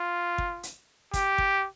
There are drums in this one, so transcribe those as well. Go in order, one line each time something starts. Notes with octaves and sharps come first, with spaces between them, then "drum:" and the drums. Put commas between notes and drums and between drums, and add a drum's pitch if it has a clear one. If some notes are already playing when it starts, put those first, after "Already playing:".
Already playing: F4
drum: kick
drum: hi-hat
G4, drum: kick, hi-hat
drum: kick